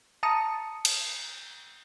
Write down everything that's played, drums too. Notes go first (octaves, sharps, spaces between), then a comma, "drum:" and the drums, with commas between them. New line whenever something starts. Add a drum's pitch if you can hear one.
A5 A#5 D#6 C#7
drum: cymbal